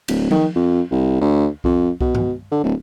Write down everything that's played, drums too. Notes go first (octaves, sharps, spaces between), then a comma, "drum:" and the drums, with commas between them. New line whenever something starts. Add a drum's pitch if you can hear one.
D1, drum: cymbal
D#3, drum: tom F3
F2
C2
D2
F2, drum: kick C2
B2, drum: kick C2
drum: tom G2
D3
D1